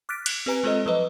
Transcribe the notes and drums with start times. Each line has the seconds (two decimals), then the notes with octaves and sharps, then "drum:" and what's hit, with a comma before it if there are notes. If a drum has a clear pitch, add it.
0.09 D6 F6 F#6 A6 B6 D7
0.26 F#6, drum: cymbal
0.46 C4 G4 B4 G#5 A#5 D7
0.64 G#3 C4 F4 A4 C5 D#5
0.86 F3 F#3 B4 D#5